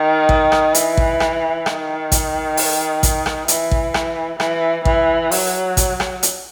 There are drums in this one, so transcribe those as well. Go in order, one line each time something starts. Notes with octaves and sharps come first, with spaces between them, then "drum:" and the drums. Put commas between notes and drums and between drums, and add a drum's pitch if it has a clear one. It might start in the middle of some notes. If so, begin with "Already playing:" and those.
Already playing: D#3
drum: kick
drum: rim click
E3, drum: hi-hat
drum: kick
drum: rim click
D#3, drum: rim click
drum: kick, hi-hat
drum: open hi-hat
drum: kick, hi-hat
drum: rim click
E3, drum: hi-hat
drum: kick
drum: rim click
E3, drum: rim click
E3, drum: kick
F#3, drum: open hi-hat
drum: kick, hi-hat
drum: rim click
drum: hi-hat